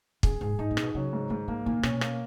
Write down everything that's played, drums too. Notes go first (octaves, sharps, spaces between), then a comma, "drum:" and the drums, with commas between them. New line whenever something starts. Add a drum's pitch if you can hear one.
F#2 G#4, drum: kick
G#2 G#4
G#2 D#4
A#2
G#4, drum: rim click
B2
C#3 F#3
G#2
G#2 D#3
D#3 A#3
A#2 D#3
B2 C#4, drum: rim click
A#3, drum: rim click